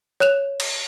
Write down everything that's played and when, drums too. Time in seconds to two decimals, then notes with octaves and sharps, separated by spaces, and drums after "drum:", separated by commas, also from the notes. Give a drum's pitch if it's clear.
0.20 C#5 F#6 E7 F7
0.60 drum: cymbal